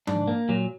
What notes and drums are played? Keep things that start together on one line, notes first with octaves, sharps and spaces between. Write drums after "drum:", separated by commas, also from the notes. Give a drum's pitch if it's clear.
G#2 D4, drum: tom F3
A#3
A#2 F#3